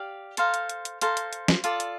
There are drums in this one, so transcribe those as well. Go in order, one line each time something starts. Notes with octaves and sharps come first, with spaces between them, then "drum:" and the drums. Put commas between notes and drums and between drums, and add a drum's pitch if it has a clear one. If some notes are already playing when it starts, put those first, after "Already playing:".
Already playing: G4 D5 F5
A4 C5 F5 A#5, drum: hi-hat
drum: hi-hat
drum: hi-hat
drum: hi-hat
A4 C5 F5 A#5, drum: hi-hat
drum: hi-hat
drum: hi-hat
drum: snare
F4 A4 D5, drum: hi-hat
drum: hi-hat